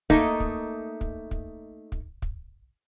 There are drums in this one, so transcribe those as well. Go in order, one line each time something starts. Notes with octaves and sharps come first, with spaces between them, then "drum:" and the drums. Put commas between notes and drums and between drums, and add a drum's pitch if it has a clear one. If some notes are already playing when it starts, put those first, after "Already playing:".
A3 A#3 D#4 D#5, drum: kick
drum: kick
drum: kick
drum: kick
drum: kick
drum: kick